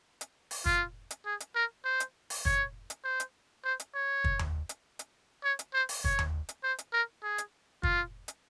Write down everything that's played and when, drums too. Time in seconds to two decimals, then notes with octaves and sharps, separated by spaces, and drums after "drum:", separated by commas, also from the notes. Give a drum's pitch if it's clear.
0.21 drum: hi-hat
0.51 drum: open hi-hat
0.66 F4, drum: kick
1.11 drum: hi-hat
1.26 G#4
1.40 drum: hi-hat
1.55 A#4
1.85 C5
2.00 drum: hi-hat
2.30 drum: open hi-hat
2.45 C#5, drum: kick
2.90 drum: hi-hat
3.04 C5
3.20 drum: hi-hat
3.65 C5
3.80 drum: hi-hat
3.95 C#5
4.24 drum: kick
4.39 drum: tom D#2
4.69 drum: hi-hat
4.99 drum: hi-hat
5.44 C#5
5.59 drum: hi-hat
5.74 C5
5.89 drum: open hi-hat
6.04 C#5, drum: kick
6.19 drum: tom D#2
6.49 drum: hi-hat
6.64 C5
6.78 drum: hi-hat
6.93 A#4
7.23 G#4
7.38 drum: hi-hat
7.83 F4, drum: kick
8.28 drum: hi-hat